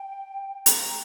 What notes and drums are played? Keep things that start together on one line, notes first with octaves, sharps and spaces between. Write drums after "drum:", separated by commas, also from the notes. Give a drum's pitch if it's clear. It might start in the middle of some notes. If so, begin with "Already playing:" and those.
Already playing: G5
A#5, drum: hi-hat